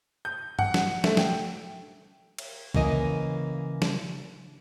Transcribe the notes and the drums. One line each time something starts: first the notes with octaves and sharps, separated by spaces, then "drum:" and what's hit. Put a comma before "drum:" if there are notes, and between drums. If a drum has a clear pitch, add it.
G6
F#5, drum: tom G2
drum: snare
A3, drum: snare
G5, drum: snare
drum: cymbal
C#3 E3 A#3 D#5 G#5, drum: kick
drum: snare